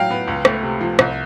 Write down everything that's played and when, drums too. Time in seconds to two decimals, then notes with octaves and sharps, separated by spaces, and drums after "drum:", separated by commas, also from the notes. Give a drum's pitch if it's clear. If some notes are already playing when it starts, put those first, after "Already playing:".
Already playing: A2 F#3 E4 F5 G5
0.11 B3
0.28 C#2
0.45 A3, drum: rim click
0.63 C3
0.81 F3
0.99 C2, drum: rim click